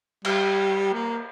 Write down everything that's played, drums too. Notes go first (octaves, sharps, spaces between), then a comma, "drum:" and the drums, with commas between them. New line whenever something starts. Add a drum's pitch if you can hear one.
G3, drum: cymbal
A#3